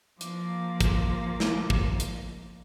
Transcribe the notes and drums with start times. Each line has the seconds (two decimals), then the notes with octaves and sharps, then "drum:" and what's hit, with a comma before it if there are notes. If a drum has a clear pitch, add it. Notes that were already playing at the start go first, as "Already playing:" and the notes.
0.21 F3 A#3 D6, drum: hi-hat
0.81 drum: kick, hi-hat
1.40 drum: snare
1.70 drum: kick
2.00 drum: hi-hat